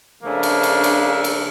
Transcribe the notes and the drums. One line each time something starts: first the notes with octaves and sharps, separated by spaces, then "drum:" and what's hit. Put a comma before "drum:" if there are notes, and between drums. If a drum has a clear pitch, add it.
C#3 F3 A3 A#3 D4
drum: cymbal
drum: cymbal
drum: cymbal
drum: cymbal